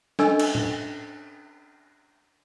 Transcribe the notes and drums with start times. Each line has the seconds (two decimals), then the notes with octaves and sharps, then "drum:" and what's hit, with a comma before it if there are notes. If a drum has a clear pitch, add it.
0.19 C#4 D4 A4 D#5 G#5 E6, drum: snare
0.40 drum: cymbal
0.55 drum: tom A2